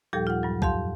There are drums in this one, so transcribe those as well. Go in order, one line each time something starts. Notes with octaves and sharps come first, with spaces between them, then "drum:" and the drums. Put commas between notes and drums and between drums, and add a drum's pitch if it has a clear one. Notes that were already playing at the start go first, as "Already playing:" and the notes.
D#2 A#2 F3 G3 G4 A4
F4 F#5
G2 F#3
F2 G4 F5 C6, drum: kick B1